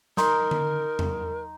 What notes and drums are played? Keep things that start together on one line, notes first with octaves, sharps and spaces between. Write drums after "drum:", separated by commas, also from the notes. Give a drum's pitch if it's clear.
D#4 A#4 C6, drum: snare
drum: tom D3
drum: tom E2